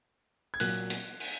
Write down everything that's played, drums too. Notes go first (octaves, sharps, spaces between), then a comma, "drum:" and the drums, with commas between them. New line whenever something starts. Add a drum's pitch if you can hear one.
G#6
A#2 F#3 A#3 F#6, drum: hi-hat
drum: hi-hat
drum: open hi-hat